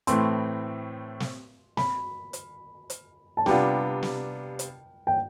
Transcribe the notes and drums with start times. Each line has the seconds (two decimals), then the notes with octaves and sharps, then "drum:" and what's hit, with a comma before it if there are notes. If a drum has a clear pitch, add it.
0.07 A2 E3 A3 C4 C6, drum: hi-hat
1.20 drum: snare
1.77 B5, drum: snare
2.33 drum: hi-hat
2.90 drum: hi-hat
3.37 A5
3.46 C3 G3 B3 D4 F4 G5, drum: snare
4.03 drum: snare
4.59 drum: hi-hat
5.07 G5